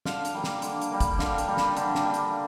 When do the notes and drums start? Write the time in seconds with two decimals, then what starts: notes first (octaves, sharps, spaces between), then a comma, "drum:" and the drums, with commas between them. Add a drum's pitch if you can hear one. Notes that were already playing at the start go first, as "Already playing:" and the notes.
0.05 D3 F5, drum: snare
0.25 drum: hi-hat
0.34 G3 A#3
0.44 drum: snare
0.62 D3, drum: hi-hat
0.82 drum: hi-hat
0.91 G3 A#3
1.00 drum: kick, hi-hat
1.19 D3 F5, drum: snare
1.38 drum: hi-hat
1.48 G3 A#3
1.57 drum: snare
1.77 D3, drum: hi-hat
1.95 drum: snare
2.05 G3 A#3
2.14 drum: hi-hat